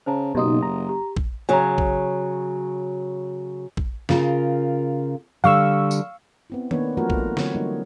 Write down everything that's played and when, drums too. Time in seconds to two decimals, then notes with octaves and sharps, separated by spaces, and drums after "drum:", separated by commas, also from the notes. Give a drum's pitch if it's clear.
0.06 C#3 C5 A5 A#5
0.35 F#1 B2 D#4 G4 C6 D#6
0.62 A#5
0.89 G4
1.17 drum: kick
1.49 C#3 F#3 G#5 A#5
1.78 drum: kick
3.77 drum: kick
4.09 C#3 F4 A#4, drum: snare
5.44 D3 G3 F5 C#6 E6
5.91 drum: tambourine
6.50 B3 C4 E4
6.71 A#3 B3 D4 D#4 B4 C#5, drum: tom D#3
6.97 E3 F#3 A3 F4 F#4 A#4
7.10 drum: kick
7.37 D3 F#3 C4 C#5, drum: snare
7.55 F#3 G3 A#3 D#4